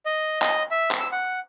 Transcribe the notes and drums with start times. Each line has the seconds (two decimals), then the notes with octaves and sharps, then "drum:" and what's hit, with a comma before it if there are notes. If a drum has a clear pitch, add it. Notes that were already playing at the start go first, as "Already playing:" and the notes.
0.06 D#5
0.42 D#5, drum: clap
0.71 E5
0.91 drum: clap
1.00 E6
1.12 F#5